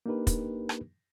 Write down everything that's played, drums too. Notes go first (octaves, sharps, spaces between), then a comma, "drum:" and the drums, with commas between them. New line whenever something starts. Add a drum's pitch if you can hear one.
A#3 D4 D#4 G4 A#4 B4
drum: kick, hi-hat
drum: rim click